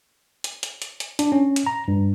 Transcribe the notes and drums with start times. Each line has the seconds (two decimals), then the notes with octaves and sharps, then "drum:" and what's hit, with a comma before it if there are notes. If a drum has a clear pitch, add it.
0.44 drum: hi-hat
0.63 drum: hi-hat
0.82 drum: hi-hat
1.00 drum: hi-hat
1.19 D4, drum: hi-hat
1.32 C#4
1.56 drum: hi-hat
1.66 A#5
1.88 G2